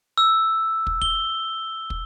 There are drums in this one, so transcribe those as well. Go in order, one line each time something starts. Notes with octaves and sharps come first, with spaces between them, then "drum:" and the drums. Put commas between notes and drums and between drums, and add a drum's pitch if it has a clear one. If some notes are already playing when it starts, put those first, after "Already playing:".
E6
drum: kick
G7, drum: kick
drum: kick